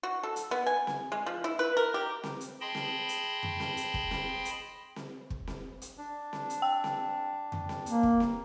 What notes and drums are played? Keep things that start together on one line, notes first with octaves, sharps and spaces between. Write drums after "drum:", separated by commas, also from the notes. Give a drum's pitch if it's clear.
F#4
A4
drum: hi-hat
B3
G#5
drum: snare C4
G#3
F3
E4
B4
A#4
G4
drum: snare C4
drum: hi-hat
G#4 D#5 G5 A5 B5 C6
drum: snare C4
drum: hi-hat
drum: tom F2
drum: snare C4
drum: hi-hat
drum: kick
drum: snare C4
drum: hi-hat
drum: snare C4
drum: kick
drum: snare C4
drum: hi-hat
D4
drum: snare C4
drum: hi-hat
G5
drum: snare C4
drum: tom F2
drum: snare C4
A#3, drum: hi-hat
drum: kick
drum: snare C4